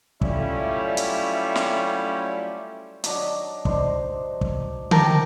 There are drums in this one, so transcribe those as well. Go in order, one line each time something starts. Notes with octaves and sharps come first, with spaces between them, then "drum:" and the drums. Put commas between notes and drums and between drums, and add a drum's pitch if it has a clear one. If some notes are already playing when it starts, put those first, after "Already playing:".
F#3 G3 A3 C#4 E4 F4, drum: kick
drum: hi-hat
drum: snare
F#3 D4 D#4, drum: hi-hat
D4 D#4 C5, drum: kick
drum: kick
G4 A#4 G5 A5, drum: tom D3